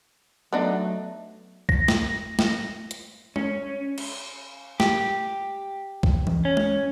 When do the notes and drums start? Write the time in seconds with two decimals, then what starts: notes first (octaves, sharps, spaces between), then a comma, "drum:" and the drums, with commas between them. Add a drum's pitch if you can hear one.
0.53 F#3 A3 B3 D4 D#4
1.69 A#6, drum: kick
1.88 drum: snare
2.39 drum: snare
2.91 drum: hi-hat
3.36 C#4, drum: tom G#3
3.98 drum: cymbal
4.80 G4, drum: snare
6.03 drum: kick
6.27 drum: tom E3
6.45 C#4
6.57 drum: tom G#3